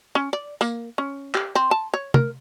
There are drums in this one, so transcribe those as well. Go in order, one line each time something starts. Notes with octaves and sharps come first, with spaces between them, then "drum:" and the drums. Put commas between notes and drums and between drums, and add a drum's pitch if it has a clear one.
C#4
D5
A#3, drum: tambourine
C#4
G4, drum: clap
C4
A5
C#5
A#4, drum: tom